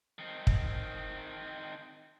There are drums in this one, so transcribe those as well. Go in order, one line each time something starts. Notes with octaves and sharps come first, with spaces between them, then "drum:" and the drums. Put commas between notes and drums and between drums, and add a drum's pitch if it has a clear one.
D#3 C4
drum: kick